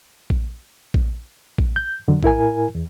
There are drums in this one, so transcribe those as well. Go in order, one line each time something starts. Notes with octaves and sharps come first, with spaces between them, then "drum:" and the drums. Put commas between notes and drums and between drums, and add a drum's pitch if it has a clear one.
drum: kick A#1
drum: kick A#1
drum: kick A#1
G6
F2 D3 F#3
A2 E4 A#4 G#5, drum: kick A#1
E2